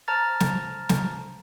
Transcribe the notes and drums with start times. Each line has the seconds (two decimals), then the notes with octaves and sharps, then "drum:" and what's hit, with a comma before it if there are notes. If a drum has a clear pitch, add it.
0.08 C5 A5 A#5 F6 A6
0.40 drum: snare
0.89 drum: snare